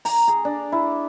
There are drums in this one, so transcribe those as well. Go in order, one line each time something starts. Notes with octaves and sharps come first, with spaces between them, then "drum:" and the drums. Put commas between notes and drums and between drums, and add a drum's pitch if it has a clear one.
A#5, drum: open hi-hat
G#4
D4
E4